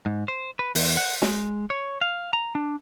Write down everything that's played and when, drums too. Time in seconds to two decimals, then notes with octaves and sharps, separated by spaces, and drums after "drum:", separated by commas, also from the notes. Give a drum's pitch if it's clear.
0.06 G#2
0.28 C5
0.59 B4
0.75 E2, drum: open hi-hat
0.97 F#5
1.22 G#3, drum: snare
1.70 C#5
2.01 F5
2.33 A#5
2.55 D4